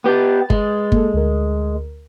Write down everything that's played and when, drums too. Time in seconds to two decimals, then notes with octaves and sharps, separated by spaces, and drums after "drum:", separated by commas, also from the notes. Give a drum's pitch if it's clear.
0.04 B3 G4 B4 A6
0.50 G#3, drum: kick G1
0.92 A#3 A4, drum: kick G1
1.14 D2 A#4